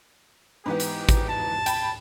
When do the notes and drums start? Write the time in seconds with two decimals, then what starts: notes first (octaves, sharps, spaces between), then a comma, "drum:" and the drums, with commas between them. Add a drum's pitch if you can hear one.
0.66 G#2 E3 B3 G4
0.80 drum: hi-hat
1.09 drum: kick, hi-hat
1.29 A5
1.66 G5 B5, drum: hi-hat